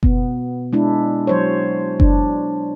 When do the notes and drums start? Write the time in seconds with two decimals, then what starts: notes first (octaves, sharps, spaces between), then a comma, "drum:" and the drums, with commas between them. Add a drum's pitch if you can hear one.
0.03 B2 B3, drum: kick F#1
0.73 G#3 D4 E4
1.27 F#3 C5 C#5
2.00 D4, drum: kick F#1